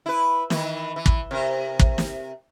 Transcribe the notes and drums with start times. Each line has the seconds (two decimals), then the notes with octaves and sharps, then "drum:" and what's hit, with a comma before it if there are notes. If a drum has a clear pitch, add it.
0.06 E4 B4
0.50 D#3 E3, drum: snare
0.96 E3
1.06 drum: kick
1.31 C3 A#4
1.79 drum: kick
1.98 drum: snare